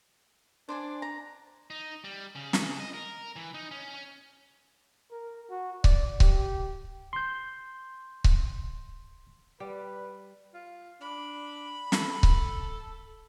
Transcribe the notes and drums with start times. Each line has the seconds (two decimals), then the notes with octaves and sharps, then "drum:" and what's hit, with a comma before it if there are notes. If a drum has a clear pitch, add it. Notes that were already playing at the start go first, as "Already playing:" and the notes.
0.69 D4 C5 D5 G#5
1.02 A#5
1.70 D#4
2.04 G3
2.35 C#3
2.53 drum: snare
2.80 D#5
2.94 A#4
3.36 E3
3.54 D#4
3.71 C#4
5.11 A#4
5.50 F#4
5.84 D5, drum: kick C#1
6.20 G4, drum: kick C#1
7.13 C6 G6
8.24 drum: kick C#1
9.60 G3 B4
10.54 F4
11.01 D4 B5
11.92 A4, drum: snare
12.23 drum: kick C#1